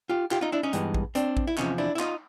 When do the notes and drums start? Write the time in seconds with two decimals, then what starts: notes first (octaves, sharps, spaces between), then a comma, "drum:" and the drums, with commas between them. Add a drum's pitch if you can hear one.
0.09 F4 G4
0.31 F4 G4, drum: clap
0.41 D#4 F4
0.52 D4 E4
0.63 C#4 D#4
0.73 G2 E3 G#3 B3, drum: hi-hat
0.94 drum: kick A1
1.15 C4 D4, drum: hi-hat
1.37 drum: kick A1
1.47 E4
1.58 E2 C3 F3 C#4 D#4, drum: clap
1.78 D4 E4
1.95 E4
1.99 D#4 F4, drum: clap